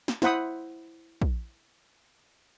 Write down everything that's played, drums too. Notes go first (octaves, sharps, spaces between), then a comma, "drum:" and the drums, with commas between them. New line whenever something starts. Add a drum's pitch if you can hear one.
drum: snare
E4 C5 F#5 B5 D#6, drum: snare
drum: kick